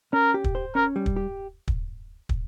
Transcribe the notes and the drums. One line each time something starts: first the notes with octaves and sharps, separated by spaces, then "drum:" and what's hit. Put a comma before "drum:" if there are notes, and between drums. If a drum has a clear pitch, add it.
C#4 A#4
G4
drum: kick
C5
C#4 A#4
G3
drum: kick
G4
drum: kick
drum: kick